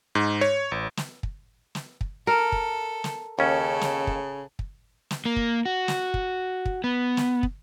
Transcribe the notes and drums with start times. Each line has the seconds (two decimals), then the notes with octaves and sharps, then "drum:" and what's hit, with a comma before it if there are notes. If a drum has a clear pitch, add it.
0.15 G#2
0.41 C#5
0.72 A1
0.97 drum: snare
1.23 drum: kick
1.75 drum: snare
2.01 drum: kick
2.27 A4 A#4
2.52 drum: kick
3.04 drum: snare
3.39 D#2 C#3 C#4 A4
3.81 drum: snare
4.07 drum: kick
4.59 drum: kick
5.11 drum: snare
5.26 A#3
5.36 drum: kick
5.65 F#4
5.88 drum: snare
6.14 drum: kick
6.65 drum: kick
6.84 B3
7.17 drum: snare
7.43 drum: kick